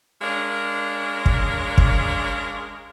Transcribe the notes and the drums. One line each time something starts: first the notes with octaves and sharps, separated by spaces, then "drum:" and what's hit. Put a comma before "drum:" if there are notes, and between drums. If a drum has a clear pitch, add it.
G#3 C#4 D4 A#4 F5
drum: kick
drum: kick